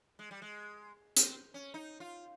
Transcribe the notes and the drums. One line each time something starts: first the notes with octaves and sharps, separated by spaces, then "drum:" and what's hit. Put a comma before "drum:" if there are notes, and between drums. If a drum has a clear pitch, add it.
G#3
G3
G#3
C4, drum: hi-hat
C#4
D#4
F4